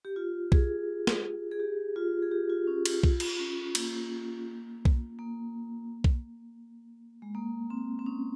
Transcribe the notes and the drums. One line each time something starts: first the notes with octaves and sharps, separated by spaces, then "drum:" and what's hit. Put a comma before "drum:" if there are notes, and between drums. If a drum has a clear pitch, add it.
G4
F4
G#4, drum: kick B1
drum: snare
G#4
G4
F4
G#4
G4
F4
C#4
F4, drum: cymbal
F4, drum: kick B1
drum: cymbal
C#4
A#3, drum: cymbal
drum: kick B1
A#3
drum: kick B1
G#3
A#3
C4
C4
C#4